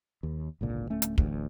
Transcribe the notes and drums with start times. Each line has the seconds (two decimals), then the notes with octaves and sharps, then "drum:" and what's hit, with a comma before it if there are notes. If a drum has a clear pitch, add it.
0.23 D#2
0.61 G#1 C#2 A#2 D3
0.90 D1 A3 C#4
1.02 drum: hi-hat
1.18 A1 D2, drum: kick